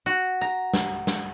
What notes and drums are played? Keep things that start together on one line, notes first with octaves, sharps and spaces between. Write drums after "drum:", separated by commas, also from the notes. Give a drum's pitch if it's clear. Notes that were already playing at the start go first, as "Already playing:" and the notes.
F#4, drum: tambourine
A#5, drum: tambourine
drum: snare
drum: snare